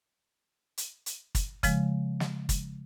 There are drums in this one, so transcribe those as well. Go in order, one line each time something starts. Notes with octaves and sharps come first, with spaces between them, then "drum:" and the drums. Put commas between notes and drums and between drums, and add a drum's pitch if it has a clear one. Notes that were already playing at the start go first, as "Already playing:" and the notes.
drum: hi-hat
drum: hi-hat
drum: kick, hi-hat
C#3 F3 G#3, drum: kick, hi-hat
drum: snare
drum: kick, hi-hat